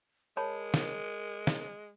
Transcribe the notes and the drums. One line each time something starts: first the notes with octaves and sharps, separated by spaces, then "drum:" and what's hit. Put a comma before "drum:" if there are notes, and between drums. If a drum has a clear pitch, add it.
G#3 A#4 C#5 A5 B5
drum: snare
drum: snare